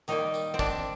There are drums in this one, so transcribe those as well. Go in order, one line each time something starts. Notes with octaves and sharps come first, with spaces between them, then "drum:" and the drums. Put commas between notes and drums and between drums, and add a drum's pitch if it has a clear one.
D#3 G3 A#3 D#4, drum: tambourine
drum: tambourine
C4
D4, drum: kick, tambourine